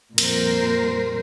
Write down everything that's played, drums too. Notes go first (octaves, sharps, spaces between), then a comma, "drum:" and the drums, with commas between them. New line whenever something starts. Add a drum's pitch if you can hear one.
F2 A#2 G3 A#4 C5, drum: cymbal